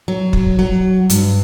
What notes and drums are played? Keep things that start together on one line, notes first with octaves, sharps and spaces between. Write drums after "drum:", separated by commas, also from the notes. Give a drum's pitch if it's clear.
F#3
drum: kick
F#3
G2, drum: hi-hat